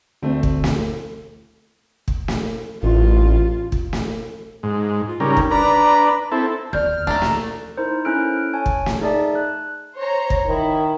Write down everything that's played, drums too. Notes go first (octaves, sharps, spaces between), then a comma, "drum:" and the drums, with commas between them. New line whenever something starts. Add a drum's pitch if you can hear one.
D2 A3 C4
drum: kick
drum: snare
drum: kick
drum: snare
A1 F4
drum: kick
drum: snare
G#2
F4
C#3 G3 D#4 A#4
drum: kick
D4 B4 A#5
C4 E4 A4
D#2 D5 F6 G6
D#2 A3 D4 A#5
drum: snare
D#4 E4 A#4 C5
C#4 E4 A4 F6 F#6 D7
C#5 G#5 A5
drum: kick
drum: snare
D#4 G#4 D5 E5 A5
F#6
C5 C#5 A#5
drum: kick
D#3 E4